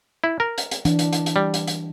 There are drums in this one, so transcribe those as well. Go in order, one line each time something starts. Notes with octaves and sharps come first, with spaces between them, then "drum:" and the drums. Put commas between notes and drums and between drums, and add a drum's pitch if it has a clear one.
E4
A#4
drum: hi-hat
drum: hi-hat
E3 D4, drum: hi-hat
drum: hi-hat
drum: hi-hat
drum: hi-hat
G3
drum: hi-hat
drum: hi-hat